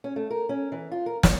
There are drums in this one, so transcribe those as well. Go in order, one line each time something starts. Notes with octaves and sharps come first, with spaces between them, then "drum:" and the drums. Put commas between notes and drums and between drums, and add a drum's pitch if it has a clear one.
C#4
A3
A#4
C#4
E3
F4
A#4
C#5, drum: snare